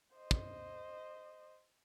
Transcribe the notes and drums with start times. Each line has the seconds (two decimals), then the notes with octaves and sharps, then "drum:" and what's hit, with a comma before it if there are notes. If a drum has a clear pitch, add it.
0.16 C5 D#5
0.31 drum: kick